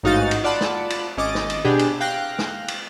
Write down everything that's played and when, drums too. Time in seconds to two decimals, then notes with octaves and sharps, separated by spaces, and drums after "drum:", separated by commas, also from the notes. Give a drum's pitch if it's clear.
0.03 A1 G#2 D#4 F#4 F5 A6
0.31 drum: cymbal
0.44 F4 D5 F#5 A5 B5
0.61 drum: snare
0.90 drum: cymbal
1.17 G#1 C#4 D#5 D6 A6
1.35 drum: snare
1.50 drum: cymbal
1.64 B2 D4 G4 G#4
1.79 drum: cymbal
2.01 F5 G5 F#6 A#6
2.39 drum: snare
2.68 drum: cymbal